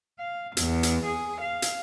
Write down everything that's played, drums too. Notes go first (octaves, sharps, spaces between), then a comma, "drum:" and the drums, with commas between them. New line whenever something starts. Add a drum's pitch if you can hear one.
F5
E2, drum: hi-hat
drum: hi-hat
G#4
F5
drum: hi-hat